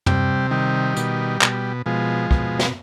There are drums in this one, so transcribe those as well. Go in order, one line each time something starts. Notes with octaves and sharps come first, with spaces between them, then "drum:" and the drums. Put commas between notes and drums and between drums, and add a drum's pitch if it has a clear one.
C3 G3, drum: tom
D#3 G3
B2, drum: hi-hat
B2, drum: clap
B2 F3 G#3
B2, drum: kick
drum: snare